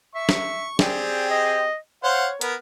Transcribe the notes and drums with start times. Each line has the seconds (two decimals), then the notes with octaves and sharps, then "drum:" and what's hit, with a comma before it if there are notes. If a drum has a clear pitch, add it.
0.15 E5 C#6
0.29 drum: snare
0.79 C4 G4 G#4 D5, drum: snare
1.31 D#5
2.04 C5 C#5 F5 F#5
2.41 B3 A#4, drum: hi-hat